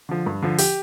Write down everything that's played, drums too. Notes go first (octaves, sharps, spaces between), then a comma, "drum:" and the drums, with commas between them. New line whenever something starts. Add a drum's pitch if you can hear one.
D3 F3
G2
D3 F3
G4, drum: open hi-hat